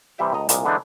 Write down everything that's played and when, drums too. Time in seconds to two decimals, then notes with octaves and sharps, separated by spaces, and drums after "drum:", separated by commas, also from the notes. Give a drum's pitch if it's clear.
0.18 C3 E3 G3 G4 E5 G5
0.33 C#2 A4 D#5 A#5
0.49 C2 A#2 D#5, drum: hi-hat
0.65 D3 E3 G#3 D4 D#4